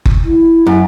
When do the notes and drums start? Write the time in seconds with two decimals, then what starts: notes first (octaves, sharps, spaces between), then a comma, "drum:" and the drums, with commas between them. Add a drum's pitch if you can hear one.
0.06 drum: kick F#1
0.24 E4
0.67 F#2